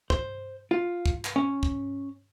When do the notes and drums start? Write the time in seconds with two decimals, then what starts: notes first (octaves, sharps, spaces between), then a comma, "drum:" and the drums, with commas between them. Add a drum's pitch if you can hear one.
0.10 C5, drum: kick
0.71 F4
1.06 drum: kick
1.25 drum: clap
1.36 C#4
1.63 drum: kick